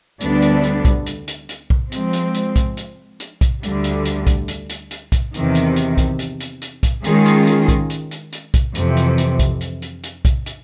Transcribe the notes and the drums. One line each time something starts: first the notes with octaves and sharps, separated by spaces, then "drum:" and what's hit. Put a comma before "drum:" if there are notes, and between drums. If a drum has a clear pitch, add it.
D2 D3 G3 B3 D4, drum: hi-hat
drum: hi-hat
drum: hi-hat
drum: kick B1, hi-hat
drum: hi-hat
drum: hi-hat
drum: hi-hat
drum: kick B1
F3 G#3 C4, drum: hi-hat
drum: hi-hat
drum: hi-hat
drum: kick B1, hi-hat
drum: hi-hat
drum: hi-hat
drum: kick B1, hi-hat
D2 D3 G3, drum: hi-hat
drum: hi-hat
drum: hi-hat
drum: kick B1, hi-hat
drum: hi-hat
drum: hi-hat
drum: hi-hat
drum: kick B1, hi-hat
E2 C3 D#3, drum: hi-hat
drum: hi-hat
drum: hi-hat
drum: kick B1, hi-hat
drum: hi-hat
drum: hi-hat
drum: hi-hat
drum: kick B1, hi-hat
D#3 G#3 C#4 F4 G#4, drum: hi-hat
drum: hi-hat
drum: hi-hat
drum: kick B1, hi-hat
drum: hi-hat
drum: hi-hat
drum: hi-hat
drum: kick B1, hi-hat
F2 C3 E3, drum: hi-hat
drum: hi-hat
drum: hi-hat
drum: kick B1, hi-hat
drum: hi-hat
drum: hi-hat
drum: hi-hat
drum: kick B1, hi-hat
drum: hi-hat